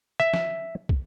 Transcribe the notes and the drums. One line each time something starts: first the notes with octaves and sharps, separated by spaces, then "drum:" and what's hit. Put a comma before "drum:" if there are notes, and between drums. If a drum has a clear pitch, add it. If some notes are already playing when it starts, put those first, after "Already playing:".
E5
drum: snare
drum: kick